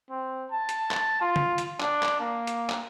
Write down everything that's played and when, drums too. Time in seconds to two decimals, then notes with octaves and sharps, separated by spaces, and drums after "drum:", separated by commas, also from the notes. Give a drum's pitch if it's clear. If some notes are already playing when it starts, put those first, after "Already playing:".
0.10 C4
0.51 A5
0.69 drum: hi-hat
0.91 drum: clap
1.21 F4
1.36 drum: tom C#3
1.58 drum: hi-hat
1.80 D4, drum: clap
2.03 drum: clap
2.20 A#3
2.47 drum: hi-hat
2.70 drum: clap